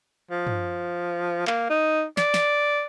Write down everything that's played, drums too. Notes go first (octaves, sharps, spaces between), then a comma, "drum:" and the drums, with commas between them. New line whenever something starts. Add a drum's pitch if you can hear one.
F3
drum: tom
A#3, drum: clap
D#4
D5, drum: snare
drum: snare